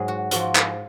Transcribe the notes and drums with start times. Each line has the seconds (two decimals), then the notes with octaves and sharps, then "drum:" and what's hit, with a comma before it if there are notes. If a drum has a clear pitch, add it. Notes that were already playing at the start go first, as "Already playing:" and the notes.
Already playing: G#2 F#3 G#4
0.08 F#4
0.31 G#2 F3 F#4, drum: hi-hat
0.55 drum: clap